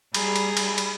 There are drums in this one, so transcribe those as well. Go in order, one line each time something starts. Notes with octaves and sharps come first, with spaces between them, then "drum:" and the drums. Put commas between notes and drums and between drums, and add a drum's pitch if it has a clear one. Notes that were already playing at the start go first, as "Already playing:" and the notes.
G3 G#4 A#5 B5, drum: cymbal
drum: cymbal
drum: cymbal
drum: cymbal